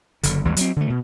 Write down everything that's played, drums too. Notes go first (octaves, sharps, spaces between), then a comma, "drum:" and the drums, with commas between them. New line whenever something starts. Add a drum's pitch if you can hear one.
F#1 D3, drum: hi-hat
G#1 D#2 E3 G3
F#3 G3 C4, drum: hi-hat
D3 A3
B2